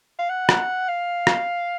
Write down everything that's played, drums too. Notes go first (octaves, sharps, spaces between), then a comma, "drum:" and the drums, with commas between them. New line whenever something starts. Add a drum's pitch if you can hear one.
F5
F#5
drum: rim click
F5
drum: rim click